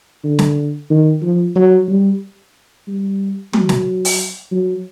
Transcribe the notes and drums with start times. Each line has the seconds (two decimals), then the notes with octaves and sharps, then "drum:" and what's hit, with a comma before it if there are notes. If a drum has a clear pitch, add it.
0.24 D3
0.39 drum: snare
0.90 D#3
1.22 F3
1.56 F#3
1.88 G3
2.88 G3
3.53 F#3, drum: tom
3.69 drum: snare
4.05 drum: open hi-hat
4.52 F#3